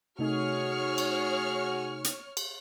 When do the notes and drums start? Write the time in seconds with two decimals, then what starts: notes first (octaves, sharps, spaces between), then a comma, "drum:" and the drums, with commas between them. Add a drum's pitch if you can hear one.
0.19 C3 A3 D#4 F#4 G#4 C#5 C#6 F6
0.98 drum: cymbal
2.04 drum: hi-hat
2.37 drum: cymbal